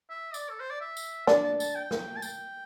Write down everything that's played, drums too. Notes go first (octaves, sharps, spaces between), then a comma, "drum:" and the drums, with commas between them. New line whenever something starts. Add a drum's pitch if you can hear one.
E5
D5, drum: tambourine
A4
C5
D5
E5
drum: tambourine
D4 A5, drum: snare
A5
A5, drum: tambourine
G5
drum: snare
A5
G5, drum: tambourine